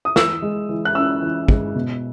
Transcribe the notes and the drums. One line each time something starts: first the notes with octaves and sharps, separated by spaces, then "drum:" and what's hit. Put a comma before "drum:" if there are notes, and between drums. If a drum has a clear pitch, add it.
D#6
E3 E6, drum: snare
G#3
E3
F#6
C#4 E6
E3
G#3, drum: kick
B2